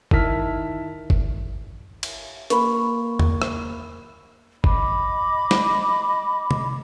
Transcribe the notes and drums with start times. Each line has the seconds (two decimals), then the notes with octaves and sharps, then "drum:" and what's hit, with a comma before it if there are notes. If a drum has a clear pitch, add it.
0.11 D#3 E4 A5 F6 B6, drum: kick G1
1.10 drum: kick G1
2.03 drum: cymbal
2.50 A#3 B5 C#6, drum: hi-hat
3.19 drum: tom E2
3.42 drum: rim click
4.64 D#5 B5 D6, drum: kick G1
5.51 drum: snare
6.51 drum: tom C3